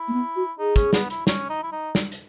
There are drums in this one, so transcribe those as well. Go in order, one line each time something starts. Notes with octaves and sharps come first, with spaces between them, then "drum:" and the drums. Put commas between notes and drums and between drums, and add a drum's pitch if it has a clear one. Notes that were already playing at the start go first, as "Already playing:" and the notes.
Already playing: E4
A#3
B3
F#4
D#4 G#4
C#4, drum: kick, hi-hat
B3, drum: snare
E4, drum: hi-hat
C#4, drum: snare
D#4
E4
D#4
drum: snare
drum: hi-hat